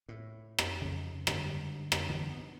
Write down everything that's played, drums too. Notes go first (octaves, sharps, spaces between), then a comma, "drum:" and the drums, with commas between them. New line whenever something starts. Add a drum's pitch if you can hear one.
A2
drum: rim click
F2 C#3
G2 D3 G3 G#3, drum: rim click
drum: rim click
D3 E3
B3